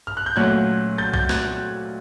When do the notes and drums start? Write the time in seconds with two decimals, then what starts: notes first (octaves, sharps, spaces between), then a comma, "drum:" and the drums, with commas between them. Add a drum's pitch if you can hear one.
0.07 F6
0.17 F#6
0.26 G6
0.36 A#2 F#3 A3 C#4 F#6 G#6
0.98 G6 A6
1.14 G6 A6, drum: kick B1
1.29 F#6 G#6, drum: snare